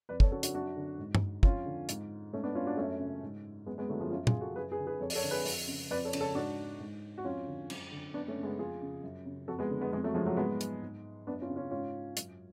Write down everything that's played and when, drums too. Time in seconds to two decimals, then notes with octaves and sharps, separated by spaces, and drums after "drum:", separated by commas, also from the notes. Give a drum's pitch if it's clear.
0.09 F2 B4 D5
0.20 A4 C#5, drum: kick
0.31 C#3 F#4 A4
0.43 D4 F#4, drum: hi-hat
0.54 F#2 D4 F#4
0.77 D3
0.98 G#2
1.15 drum: tom
1.43 F2 C#4 F4, drum: kick
1.66 D3
1.89 G#2, drum: hi-hat
2.33 G#2 A3 C#4
2.43 B3 D4
2.55 C#4 F4
2.66 D4 F#4
2.77 F#2 A3 C#4
2.99 C#3
3.23 G#2
3.66 F#2 G#3 B3
3.78 G#3 B3
3.89 D3 F#3 A3
4.00 F3 G#3
4.11 F#2 C#4 F4
4.27 F4 G#4, drum: tom
4.34 C#3
4.41 F#4 A4
4.56 F#2 G#4 B4
4.72 G#4 B4
4.79 D3
4.87 G#4 B4
5.00 F2 A4 C#5
5.10 D5, drum: open hi-hat
5.15 A4 C#5
5.24 D3
5.31 G#4 B4
5.46 F2, drum: open hi-hat
5.67 C#3
5.91 F2 B4 D5
6.05 A4 C#5
6.13 C#3, drum: cymbal
6.21 A4 C#5
6.35 G#2 D4 F#4
6.79 G#2
7.18 F#4
7.24 F2 C#4 F4
7.47 D3
7.70 F#2, drum: cymbal
7.92 D3
8.14 F#2 B3 D4
8.28 A3 C#4
8.37 C#3
8.43 G#3 B3
8.59 F2 F4 G#4
8.81 C#3
9.03 F#2
9.26 C#3
9.48 F2 F#4 A4
9.59 G#3 B3
9.71 D3
9.81 G#3 B3
9.92 F2 G#3 B3
10.04 F#3 A3
10.14 C#3 F3 G#3
10.26 F#3 A3
10.37 G#2 G#3 B3
10.61 drum: hi-hat
10.82 G#2
11.27 F#2 B3 D4
11.41 C#4 F4
11.49 C#3
11.56 C#4 F4
11.71 G#2 C#4 F4
12.17 F#2, drum: hi-hat